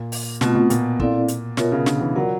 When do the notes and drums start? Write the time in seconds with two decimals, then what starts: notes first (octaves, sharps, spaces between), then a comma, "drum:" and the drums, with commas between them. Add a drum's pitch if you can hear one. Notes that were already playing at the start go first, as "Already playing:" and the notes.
Already playing: A#2
0.12 drum: open hi-hat
0.41 B2 A3 C4 F4, drum: snare
0.55 B2
0.70 A#2, drum: hi-hat
1.00 C4 E4 A4 D5 F5, drum: kick
1.28 drum: hi-hat
1.57 B2 F4 A#4 C#5 E5, drum: snare
1.72 C#3
1.86 D3, drum: snare
2.01 E3
2.15 F#3 F4 A#4 D5 F#5